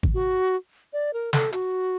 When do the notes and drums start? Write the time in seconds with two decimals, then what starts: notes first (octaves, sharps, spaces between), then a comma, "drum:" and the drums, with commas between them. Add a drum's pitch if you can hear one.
0.03 drum: kick G#1
0.14 F#4
0.93 D5
1.13 A#4
1.33 A4, drum: snare
1.52 F#4, drum: hi-hat